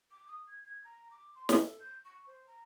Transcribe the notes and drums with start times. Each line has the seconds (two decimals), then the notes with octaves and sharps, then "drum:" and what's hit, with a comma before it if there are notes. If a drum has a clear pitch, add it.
0.10 D6
0.27 D#6
0.47 G#6
0.65 G#6
0.84 A#5
1.10 D6
1.35 C6
1.49 A4, drum: snare
1.79 G6
2.04 C#6
2.26 C5
2.46 A#5